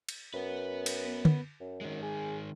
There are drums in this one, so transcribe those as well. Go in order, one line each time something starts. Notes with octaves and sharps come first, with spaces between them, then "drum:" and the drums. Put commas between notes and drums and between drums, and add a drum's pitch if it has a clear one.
drum: cymbal
F#2 B3 B4
drum: cymbal
drum: tom
F#2
D#3 G#3
G#4